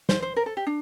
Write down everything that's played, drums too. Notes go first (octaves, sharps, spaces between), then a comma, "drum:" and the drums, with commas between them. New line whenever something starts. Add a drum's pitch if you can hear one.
C5, drum: snare
C5
A#4
A4
G4
D4